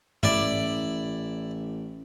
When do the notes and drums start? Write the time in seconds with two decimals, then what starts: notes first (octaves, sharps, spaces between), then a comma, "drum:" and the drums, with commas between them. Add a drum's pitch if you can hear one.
0.23 A1 E4 D5, drum: tom